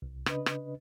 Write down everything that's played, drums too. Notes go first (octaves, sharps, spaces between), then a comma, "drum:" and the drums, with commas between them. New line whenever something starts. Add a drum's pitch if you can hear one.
C2
C#3 D4 B4 D#5, drum: rim click
drum: rim click